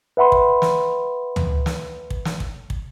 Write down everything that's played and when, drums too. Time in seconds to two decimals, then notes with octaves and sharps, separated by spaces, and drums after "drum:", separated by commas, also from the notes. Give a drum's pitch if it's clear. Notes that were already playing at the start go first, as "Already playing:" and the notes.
0.17 B4 E5 F#5 B5 C6
0.32 drum: kick
0.62 drum: snare
1.36 drum: tom
1.66 drum: snare
2.10 drum: kick
2.25 drum: snare
2.40 drum: kick
2.70 drum: kick